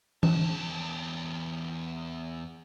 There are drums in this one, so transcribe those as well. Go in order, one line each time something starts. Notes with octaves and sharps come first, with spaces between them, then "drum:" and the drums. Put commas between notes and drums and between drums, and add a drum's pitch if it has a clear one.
E2 A5, drum: tom E3